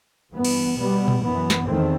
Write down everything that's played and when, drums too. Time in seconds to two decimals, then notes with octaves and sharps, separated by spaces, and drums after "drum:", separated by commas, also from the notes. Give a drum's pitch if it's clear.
0.32 G2 E3 B3
0.44 drum: cymbal
0.77 B2 G3 B3
1.08 drum: tom A#2
1.23 F#2 E3 B3
1.50 drum: snare
1.67 E2 D#3 A3 C4